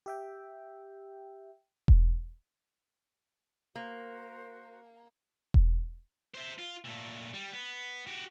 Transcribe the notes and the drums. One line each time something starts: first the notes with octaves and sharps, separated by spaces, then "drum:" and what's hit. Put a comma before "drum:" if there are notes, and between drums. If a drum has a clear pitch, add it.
G4 E5 G5
drum: kick E1
A#3 F#4 A#4 C5
drum: kick E1
C5 E5
F4
A#2 A3
G3
B3
F#4 G4